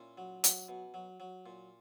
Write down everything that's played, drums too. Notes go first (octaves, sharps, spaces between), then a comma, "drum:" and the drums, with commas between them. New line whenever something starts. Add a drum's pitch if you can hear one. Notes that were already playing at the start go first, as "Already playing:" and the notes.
Already playing: A#2 C#4 E4
F#3
F#3, drum: hi-hat
B2
F#3
F#3
A#2